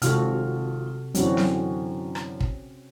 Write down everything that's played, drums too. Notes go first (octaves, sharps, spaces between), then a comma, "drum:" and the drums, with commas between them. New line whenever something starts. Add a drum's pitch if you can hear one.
G#1 C3 F4 F#4 A4 F6, drum: hi-hat
F#2 D3 E3 C4 C#4 F#4, drum: hi-hat
drum: snare
drum: rim click
drum: kick